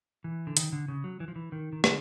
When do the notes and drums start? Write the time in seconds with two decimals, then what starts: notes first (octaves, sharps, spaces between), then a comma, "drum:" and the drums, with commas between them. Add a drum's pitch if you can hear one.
0.24 E3
0.47 D3
0.57 D#3, drum: hi-hat
0.72 D3
0.88 C#3
1.04 F#3
1.20 E3
1.28 F3
1.36 E3
1.52 D#3
1.73 D#3
1.84 D3, drum: rim click